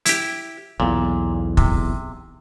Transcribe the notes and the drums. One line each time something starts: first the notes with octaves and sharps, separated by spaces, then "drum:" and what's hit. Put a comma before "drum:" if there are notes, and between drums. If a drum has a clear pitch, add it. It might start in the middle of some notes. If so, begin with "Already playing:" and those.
E4 G4, drum: hi-hat
B1 E2 A#2
C3, drum: kick